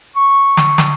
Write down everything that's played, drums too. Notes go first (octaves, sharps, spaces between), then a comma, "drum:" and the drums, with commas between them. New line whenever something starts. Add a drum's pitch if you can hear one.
C#6
drum: snare
drum: snare